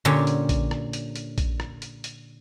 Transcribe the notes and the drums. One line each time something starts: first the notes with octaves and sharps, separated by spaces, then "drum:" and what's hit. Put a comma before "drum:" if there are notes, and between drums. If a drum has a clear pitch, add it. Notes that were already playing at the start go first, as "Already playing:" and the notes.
A#2 D3 C#4 G4 G#5
drum: hi-hat
drum: kick A#1, hi-hat
drum: rim click
drum: hi-hat
drum: hi-hat
drum: kick A#1, hi-hat
drum: rim click
drum: hi-hat
drum: hi-hat